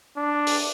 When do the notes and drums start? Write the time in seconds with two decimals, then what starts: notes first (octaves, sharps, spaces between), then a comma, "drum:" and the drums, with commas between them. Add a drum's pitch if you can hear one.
0.17 D4
0.47 drum: open hi-hat